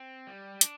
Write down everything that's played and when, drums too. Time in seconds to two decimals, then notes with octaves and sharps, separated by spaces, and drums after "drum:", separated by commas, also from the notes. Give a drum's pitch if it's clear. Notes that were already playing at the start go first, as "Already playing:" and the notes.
Already playing: C4
0.27 G3
0.61 D4, drum: hi-hat